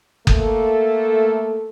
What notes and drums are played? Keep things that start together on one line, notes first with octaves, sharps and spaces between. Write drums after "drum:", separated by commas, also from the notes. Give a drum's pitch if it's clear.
A3 A#3 A4, drum: kick F#1